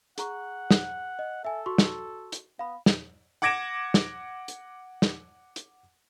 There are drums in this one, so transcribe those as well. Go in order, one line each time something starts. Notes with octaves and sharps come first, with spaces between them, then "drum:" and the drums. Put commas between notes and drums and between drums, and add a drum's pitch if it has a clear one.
G#4 F#5 A#5 C#6, drum: hi-hat
drum: snare
D#5
A4 E5 G#5
F#4 C6 C#6
drum: snare
drum: hi-hat
B3 F5 B5
drum: snare
F#5 D6 G#6 A#6 D7 E7
drum: snare
drum: hi-hat
drum: snare
drum: hi-hat